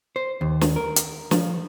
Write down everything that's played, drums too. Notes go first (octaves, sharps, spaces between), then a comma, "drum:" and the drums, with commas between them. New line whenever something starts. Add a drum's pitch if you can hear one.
C5
D#2
drum: snare
A#4
drum: hi-hat
F3, drum: snare